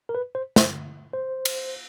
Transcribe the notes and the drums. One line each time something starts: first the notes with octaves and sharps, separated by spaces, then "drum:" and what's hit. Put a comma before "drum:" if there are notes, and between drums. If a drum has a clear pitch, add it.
A#4
B4
C5
C5, drum: snare
C5
drum: cymbal